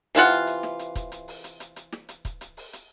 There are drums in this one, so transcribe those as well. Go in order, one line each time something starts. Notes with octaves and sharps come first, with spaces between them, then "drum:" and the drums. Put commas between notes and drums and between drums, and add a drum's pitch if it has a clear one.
C3 E3 F4 F#5, drum: hi-hat
drum: hi-hat
drum: hi-hat
drum: snare
drum: hi-hat
drum: kick, hi-hat
drum: hi-hat
drum: open hi-hat
drum: hi-hat
drum: hi-hat
drum: hi-hat
drum: snare
drum: hi-hat
drum: kick, hi-hat
drum: hi-hat
drum: open hi-hat
drum: hi-hat